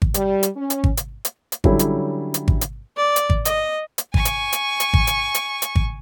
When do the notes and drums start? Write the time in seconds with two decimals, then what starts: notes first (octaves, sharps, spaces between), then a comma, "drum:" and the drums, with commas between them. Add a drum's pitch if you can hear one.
0.02 drum: kick G#1
0.14 G3, drum: hi-hat
0.43 drum: hi-hat
0.56 C#4
0.70 drum: hi-hat
0.84 drum: kick G#1
0.97 drum: hi-hat
1.25 drum: hi-hat
1.52 drum: hi-hat
1.64 D3 F#3 G3 C#4 E4 A4, drum: kick G#1
1.79 drum: hi-hat
2.34 drum: hi-hat
2.48 drum: kick G#1
2.61 drum: hi-hat
2.96 D5
3.16 drum: hi-hat
3.30 drum: kick G#1
3.45 D#5, drum: hi-hat
3.98 drum: hi-hat
4.14 G#5 C#6, drum: kick G#1
4.25 drum: hi-hat
4.53 drum: hi-hat
4.80 drum: hi-hat
4.94 drum: kick G#1
5.07 drum: hi-hat
5.35 drum: hi-hat
5.62 drum: hi-hat
5.76 drum: kick G#1